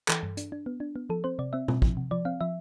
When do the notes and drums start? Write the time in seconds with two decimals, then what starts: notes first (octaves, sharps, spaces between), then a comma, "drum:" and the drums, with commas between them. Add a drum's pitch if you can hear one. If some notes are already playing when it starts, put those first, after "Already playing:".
0.08 E3 A4, drum: clap
0.23 G2
0.37 D4, drum: hi-hat
0.52 D4
0.66 B3
0.80 D4
0.96 B3
1.10 F3 A4
1.24 C4 C5
1.39 C3 D5
1.53 C4 E5
1.68 C4, drum: tom B2
1.82 F3, drum: kick
1.97 C3
2.11 F3 D5
2.25 C4 F5
2.41 F3 E5